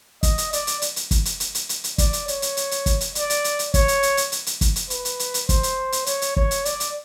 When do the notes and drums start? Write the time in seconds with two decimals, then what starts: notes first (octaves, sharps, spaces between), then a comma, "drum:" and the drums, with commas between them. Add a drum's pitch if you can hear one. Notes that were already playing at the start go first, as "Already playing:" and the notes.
0.23 D#5, drum: kick, hi-hat
0.38 drum: hi-hat
0.53 D5, drum: hi-hat
0.67 drum: hi-hat
0.82 drum: hi-hat
0.96 drum: hi-hat
1.11 drum: kick, hi-hat
1.25 drum: hi-hat
1.40 drum: hi-hat
1.55 drum: hi-hat
1.69 drum: hi-hat
1.84 drum: hi-hat
1.98 D5, drum: kick, hi-hat
2.13 drum: hi-hat
2.28 C#5, drum: hi-hat
2.42 drum: hi-hat
2.57 drum: hi-hat
2.71 drum: hi-hat
2.86 drum: kick, hi-hat
3.01 drum: hi-hat
3.15 D5, drum: hi-hat
3.30 drum: hi-hat
3.44 drum: hi-hat
3.59 drum: hi-hat
3.74 C#5, drum: kick, hi-hat
3.88 drum: hi-hat
4.03 drum: hi-hat
4.17 drum: hi-hat
4.32 drum: hi-hat
4.46 drum: hi-hat
4.61 drum: kick, hi-hat
4.76 drum: hi-hat
4.90 B4, drum: hi-hat
5.05 drum: hi-hat
5.19 drum: hi-hat
5.34 drum: hi-hat
5.49 C5, drum: kick, hi-hat
5.63 drum: hi-hat
5.92 drum: hi-hat
6.06 C#5, drum: hi-hat
6.22 drum: hi-hat
6.36 C#5, drum: kick
6.51 drum: hi-hat
6.65 D5, drum: hi-hat
6.80 drum: hi-hat